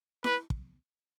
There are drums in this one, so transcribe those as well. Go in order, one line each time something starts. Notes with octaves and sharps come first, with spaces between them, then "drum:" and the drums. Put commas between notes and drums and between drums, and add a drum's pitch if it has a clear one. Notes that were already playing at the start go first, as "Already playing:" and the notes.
B4, drum: snare E4
drum: kick